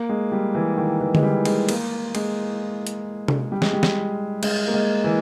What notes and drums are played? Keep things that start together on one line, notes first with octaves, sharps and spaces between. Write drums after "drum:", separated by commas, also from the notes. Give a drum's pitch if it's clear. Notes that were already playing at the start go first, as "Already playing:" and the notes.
Already playing: A#3
G#3
G3
E3
D#3
E3
G#3, drum: tom D3
G3
G#3, drum: cymbal
A#3, drum: cymbal
G#3, drum: cymbal
drum: hi-hat
drum: tom C3
G3
G#3, drum: snare
G3
drum: snare
G#3, drum: cymbal
A#3
G#3
E3